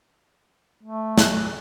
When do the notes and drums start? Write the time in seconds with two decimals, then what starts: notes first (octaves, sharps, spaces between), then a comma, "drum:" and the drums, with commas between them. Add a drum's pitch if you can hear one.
0.83 A3
1.18 B1 F#6, drum: snare